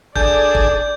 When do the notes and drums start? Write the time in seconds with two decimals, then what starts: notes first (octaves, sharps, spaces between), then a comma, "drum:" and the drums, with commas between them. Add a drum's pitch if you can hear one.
0.16 D4 G#4 A4 D5 G6, drum: kick
0.55 drum: kick